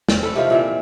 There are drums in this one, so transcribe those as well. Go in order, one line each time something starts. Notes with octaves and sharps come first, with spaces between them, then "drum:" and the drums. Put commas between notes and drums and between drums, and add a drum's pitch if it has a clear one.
C4 C#4, drum: snare
A4 B4
C3 D#3 F3 F4
A#2 E3 C4